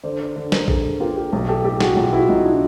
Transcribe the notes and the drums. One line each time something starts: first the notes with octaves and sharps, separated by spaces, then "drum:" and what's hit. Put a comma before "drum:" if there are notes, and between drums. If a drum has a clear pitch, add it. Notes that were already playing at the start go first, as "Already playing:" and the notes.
D3 C5 D5
C5 D5
D3
A#4 C5, drum: snare
D3 G#4 A#4, drum: kick
A#3 F4 G4
F4 G4
B1
G4 A4
A2 G4 A4
F#4 G#4, drum: snare
B1 F4 G4
E4 F#4
B1 D#4 F4
D4 E4